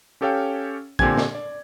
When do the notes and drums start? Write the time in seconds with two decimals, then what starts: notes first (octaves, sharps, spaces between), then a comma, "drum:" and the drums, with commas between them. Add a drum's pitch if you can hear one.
0.21 C#4 G4 A4 C#5 F5 G5
0.99 A#2 D3 C4 G4 G#5 G#6, drum: kick
1.18 drum: snare
1.35 D5